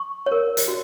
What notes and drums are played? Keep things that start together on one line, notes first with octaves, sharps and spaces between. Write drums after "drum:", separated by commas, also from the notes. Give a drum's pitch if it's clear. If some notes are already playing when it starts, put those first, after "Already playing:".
Already playing: C#6
C#5
A#4
drum: hi-hat
F#4